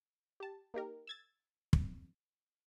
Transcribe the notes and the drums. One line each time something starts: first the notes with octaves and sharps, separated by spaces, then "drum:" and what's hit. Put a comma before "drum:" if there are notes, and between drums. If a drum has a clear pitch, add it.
G4 A5
A#3 D#4 G4 A#4
E6 G#6 A6
drum: kick